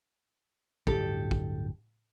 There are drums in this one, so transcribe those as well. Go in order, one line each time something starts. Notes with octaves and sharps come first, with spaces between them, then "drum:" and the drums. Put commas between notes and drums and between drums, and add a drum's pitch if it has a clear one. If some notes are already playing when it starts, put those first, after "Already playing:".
D1 G2 G4 A4, drum: kick
drum: kick